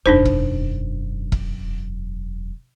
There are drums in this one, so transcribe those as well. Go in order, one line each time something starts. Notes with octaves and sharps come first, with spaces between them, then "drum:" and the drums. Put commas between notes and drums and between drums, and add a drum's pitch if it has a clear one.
E1 F#2 D4 D#4 C5
drum: kick E1
drum: kick E1